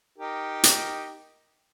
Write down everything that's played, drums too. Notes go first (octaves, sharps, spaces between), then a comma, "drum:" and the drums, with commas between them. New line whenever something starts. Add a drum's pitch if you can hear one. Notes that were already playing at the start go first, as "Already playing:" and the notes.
D#4 G4 A#4
drum: hi-hat